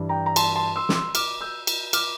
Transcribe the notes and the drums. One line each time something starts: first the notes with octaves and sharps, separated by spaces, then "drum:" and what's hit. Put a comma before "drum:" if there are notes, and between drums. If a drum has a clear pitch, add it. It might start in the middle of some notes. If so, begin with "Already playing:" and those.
Already playing: G2 E3 G3 D4
G5 A#5
A#5
A5 C6, drum: cymbal
A5 C6
C6 E6
D6, drum: snare
C6 E6
D6 F6, drum: cymbal
E6 G6
drum: cymbal
D6 F6, drum: cymbal